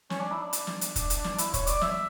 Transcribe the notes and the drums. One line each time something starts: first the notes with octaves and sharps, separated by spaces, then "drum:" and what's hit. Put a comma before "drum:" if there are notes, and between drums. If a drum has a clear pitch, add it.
C#4, drum: snare
D4
E4
D4
drum: hi-hat
drum: snare
drum: hi-hat
drum: kick, hi-hat
drum: hi-hat
drum: snare
E4, drum: hi-hat
C#5, drum: kick, hi-hat
D5, drum: hi-hat
E5, drum: snare